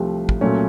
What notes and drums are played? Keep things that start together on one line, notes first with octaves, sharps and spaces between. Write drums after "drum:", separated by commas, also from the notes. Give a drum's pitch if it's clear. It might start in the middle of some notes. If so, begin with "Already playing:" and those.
Already playing: C2 C3 F3 A3
drum: kick
A#2 F#3 A3 C#4